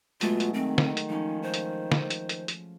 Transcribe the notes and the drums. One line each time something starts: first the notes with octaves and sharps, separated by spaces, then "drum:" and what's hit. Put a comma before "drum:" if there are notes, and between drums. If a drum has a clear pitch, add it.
B2 F#3 G#3 A3 F4, drum: hi-hat
drum: hi-hat
D#3 C4
drum: snare
drum: hi-hat
F3 C#4 D#4
C5
drum: hi-hat
drum: snare
drum: hi-hat
drum: hi-hat
drum: hi-hat